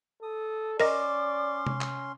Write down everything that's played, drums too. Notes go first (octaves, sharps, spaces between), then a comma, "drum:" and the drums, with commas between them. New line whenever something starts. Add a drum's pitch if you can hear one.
A4 D#6
C#4 A#4 D5 D#5 C6 D6, drum: open hi-hat
drum: tom C3
drum: clap